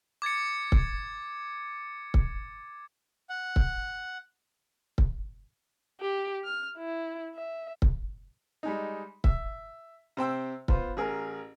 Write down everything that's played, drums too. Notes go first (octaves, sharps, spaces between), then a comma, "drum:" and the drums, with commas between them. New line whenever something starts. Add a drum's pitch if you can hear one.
D6 G#6 A6 C#7
drum: kick C#1
drum: kick C#1
F#5
drum: kick C#1
drum: kick C#1
G4
F6
E4
E5
drum: kick C#1
G3 G#3 D#4
E5, drum: kick C#1
C3 C5 G5 E6
B3 F4 B4 C5, drum: kick C#1
A1 G#4 A#4